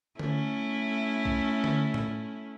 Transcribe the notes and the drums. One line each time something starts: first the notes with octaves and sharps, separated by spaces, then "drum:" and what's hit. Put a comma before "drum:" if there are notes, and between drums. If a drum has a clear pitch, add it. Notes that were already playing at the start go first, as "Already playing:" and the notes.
A3 C#4 E4, drum: tom D3
drum: kick
drum: tom D3
drum: tom A2